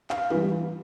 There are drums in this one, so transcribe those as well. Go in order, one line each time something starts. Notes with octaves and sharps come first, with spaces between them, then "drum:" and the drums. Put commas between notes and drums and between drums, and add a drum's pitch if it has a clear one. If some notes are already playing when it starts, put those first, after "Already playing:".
F5, drum: clap
E3 G3 B4, drum: tom